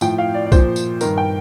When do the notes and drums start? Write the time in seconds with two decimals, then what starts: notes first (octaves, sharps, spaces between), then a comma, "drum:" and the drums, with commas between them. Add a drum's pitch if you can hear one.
0.01 A2 F3 G5, drum: tambourine
0.18 F5
0.34 D5
0.46 D5
0.52 A#2 F3 C5, drum: kick, tambourine
0.76 drum: tambourine
1.01 G2 D#3 A#4, drum: tambourine
1.18 G5